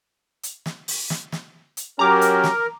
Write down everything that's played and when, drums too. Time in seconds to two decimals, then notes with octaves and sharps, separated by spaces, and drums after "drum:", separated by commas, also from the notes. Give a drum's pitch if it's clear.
0.43 drum: hi-hat
0.66 drum: snare
0.88 drum: open hi-hat
1.10 drum: snare
1.32 drum: snare
1.77 drum: hi-hat
1.99 F#3 C#4 G4 A#4 A#5 D6
2.21 drum: hi-hat
2.44 drum: snare